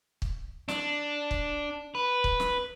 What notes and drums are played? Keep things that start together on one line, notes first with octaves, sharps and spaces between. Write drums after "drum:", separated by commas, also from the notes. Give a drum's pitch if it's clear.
drum: kick
D4, drum: snare
drum: kick
B4
drum: kick
drum: snare